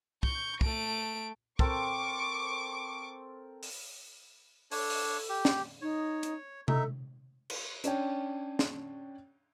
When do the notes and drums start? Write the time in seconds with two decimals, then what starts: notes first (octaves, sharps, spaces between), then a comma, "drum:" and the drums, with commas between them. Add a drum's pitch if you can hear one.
0.23 C#6 G6, drum: kick
0.61 A3 D7, drum: kick
1.59 C4 A4 A#4 C#6 D6 D7, drum: kick
3.63 drum: open hi-hat
4.71 D4 A4 C#5, drum: open hi-hat
4.90 drum: open hi-hat
5.29 G4
5.45 drum: snare
5.82 D#4 C#5
6.23 drum: hi-hat
6.68 D#4 A4 E5, drum: tom C3
7.50 drum: cymbal
7.84 C#4 D4 C#5 G5, drum: hi-hat
8.59 drum: snare